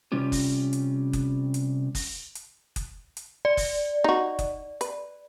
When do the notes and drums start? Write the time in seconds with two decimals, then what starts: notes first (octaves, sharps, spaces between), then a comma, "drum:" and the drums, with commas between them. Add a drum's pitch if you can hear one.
0.12 C3 G3 C#4 F4 G4
0.32 drum: kick F#1, open hi-hat
0.73 drum: hi-hat
1.13 drum: kick F#1, hi-hat
1.54 drum: hi-hat
1.95 drum: kick F#1, open hi-hat
2.35 drum: hi-hat
2.76 drum: kick F#1, hi-hat
3.17 drum: hi-hat
3.45 D5
3.57 drum: kick F#1, open hi-hat
4.04 D#4 F#4
4.39 drum: kick F#1, hi-hat
4.81 B4, drum: hi-hat